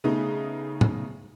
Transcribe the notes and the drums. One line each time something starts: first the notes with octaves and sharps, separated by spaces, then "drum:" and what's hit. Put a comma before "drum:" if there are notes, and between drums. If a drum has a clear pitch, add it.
C#3 A3 B3 D#4
drum: tom A2